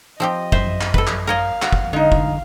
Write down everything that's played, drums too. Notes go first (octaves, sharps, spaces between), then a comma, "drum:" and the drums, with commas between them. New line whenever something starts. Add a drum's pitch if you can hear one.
F3 C4 G4 D#5
F#2 C5 E5, drum: kick
drum: clap
A4 B4, drum: kick
drum: clap
A#4 C#5 D#5 F5
F#4, drum: clap
drum: kick
D3 G#3 D#4 F5
drum: kick